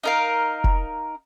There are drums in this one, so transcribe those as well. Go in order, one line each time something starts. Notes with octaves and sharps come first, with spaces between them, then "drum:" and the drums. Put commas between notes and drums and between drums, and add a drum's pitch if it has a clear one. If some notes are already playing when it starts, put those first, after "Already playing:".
D#4 A#4 F5
drum: kick F1